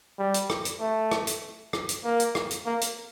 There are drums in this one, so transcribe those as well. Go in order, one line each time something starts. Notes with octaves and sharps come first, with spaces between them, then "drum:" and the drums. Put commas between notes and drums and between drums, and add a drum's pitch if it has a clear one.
G3
drum: hi-hat
drum: rim click
drum: hi-hat
A3
drum: rim click
drum: hi-hat
drum: rim click
drum: hi-hat
A#3
drum: hi-hat
drum: rim click
drum: hi-hat
A#3
drum: hi-hat